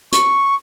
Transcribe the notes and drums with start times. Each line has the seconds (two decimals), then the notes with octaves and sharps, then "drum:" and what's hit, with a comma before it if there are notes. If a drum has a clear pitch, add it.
0.12 C#6, drum: hi-hat